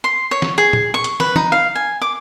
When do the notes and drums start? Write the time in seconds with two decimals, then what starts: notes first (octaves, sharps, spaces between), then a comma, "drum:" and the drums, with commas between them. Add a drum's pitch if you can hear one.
0.04 C6
0.31 C#5
0.42 drum: snare
0.58 G#4
0.73 drum: tom A#2
0.94 C#6
1.04 drum: hi-hat
1.20 B4, drum: snare
1.36 D#4, drum: tom
1.52 F5
1.75 G#5
2.02 D6